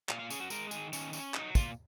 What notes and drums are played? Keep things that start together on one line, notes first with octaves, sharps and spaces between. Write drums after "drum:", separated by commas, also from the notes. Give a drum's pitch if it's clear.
A#2 F5, drum: clap
F5
C#4 G#4, drum: tambourine
F#4
G#3 A#4, drum: tambourine
D#3 G#4, drum: tambourine
D#3 C#4, drum: tambourine
C#4, drum: tambourine
F#3 D#4, drum: clap
A#2 F4, drum: kick, tambourine